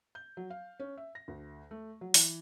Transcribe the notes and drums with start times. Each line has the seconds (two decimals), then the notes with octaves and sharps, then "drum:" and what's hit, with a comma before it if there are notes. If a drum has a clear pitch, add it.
0.15 G6
0.37 F#3
0.50 F5
0.79 C#4
0.97 E5
1.15 A#6
1.28 D2
1.71 A3
2.01 F#3
2.14 E3, drum: open hi-hat